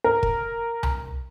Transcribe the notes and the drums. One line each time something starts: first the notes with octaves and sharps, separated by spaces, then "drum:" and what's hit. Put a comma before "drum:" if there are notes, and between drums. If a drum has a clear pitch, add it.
A#4
drum: kick
drum: tom C2